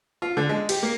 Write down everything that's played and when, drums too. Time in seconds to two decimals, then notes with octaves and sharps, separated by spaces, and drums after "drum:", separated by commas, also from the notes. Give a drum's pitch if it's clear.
0.22 F4
0.37 D3
0.49 G#3
0.69 G4, drum: cymbal
0.83 A#3